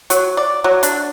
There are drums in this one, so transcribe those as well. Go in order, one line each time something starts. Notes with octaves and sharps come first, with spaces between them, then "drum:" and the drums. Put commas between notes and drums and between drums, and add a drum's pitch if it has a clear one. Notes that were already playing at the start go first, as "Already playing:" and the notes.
F#3, drum: hi-hat
D5
F#3
D4, drum: hi-hat